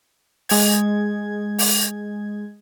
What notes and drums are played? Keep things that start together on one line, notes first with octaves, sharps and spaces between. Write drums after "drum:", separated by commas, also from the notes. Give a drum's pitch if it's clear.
G#3 G#6, drum: open hi-hat
drum: open hi-hat